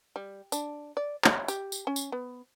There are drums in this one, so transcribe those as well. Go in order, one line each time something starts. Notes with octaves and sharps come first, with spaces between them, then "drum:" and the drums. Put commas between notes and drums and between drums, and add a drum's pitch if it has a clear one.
G3
D4, drum: tambourine
D5
C#5, drum: clap
G4, drum: tambourine
drum: tambourine
C#4
drum: tambourine
B3